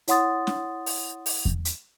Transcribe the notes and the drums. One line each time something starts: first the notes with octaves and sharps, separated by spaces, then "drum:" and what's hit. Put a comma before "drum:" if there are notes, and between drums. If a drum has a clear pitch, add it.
E4 C#5 F#5 C6 D#6 A6, drum: hi-hat
drum: snare
drum: open hi-hat
drum: open hi-hat
drum: kick E2
drum: hi-hat